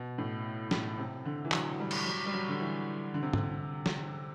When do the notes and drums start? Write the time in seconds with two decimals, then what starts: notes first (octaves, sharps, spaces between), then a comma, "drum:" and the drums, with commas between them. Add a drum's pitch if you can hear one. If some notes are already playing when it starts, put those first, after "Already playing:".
Already playing: B2
0.18 A2
0.71 A2, drum: snare
0.99 C3
1.26 D3
1.45 E3
1.52 F#3, drum: clap
1.80 G3
1.91 drum: cymbal
2.06 F#3
2.26 G3
2.34 F#3
2.48 D3
2.60 E3
3.14 D3
3.23 C3
3.33 D3, drum: tom
3.86 drum: snare